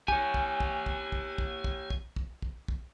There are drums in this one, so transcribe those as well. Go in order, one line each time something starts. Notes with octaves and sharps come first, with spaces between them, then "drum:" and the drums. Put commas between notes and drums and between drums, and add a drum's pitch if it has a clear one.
G4 C#5 G#5, drum: kick
drum: kick
drum: kick
drum: kick
drum: kick
drum: kick
drum: kick
drum: kick
drum: kick
drum: kick
drum: kick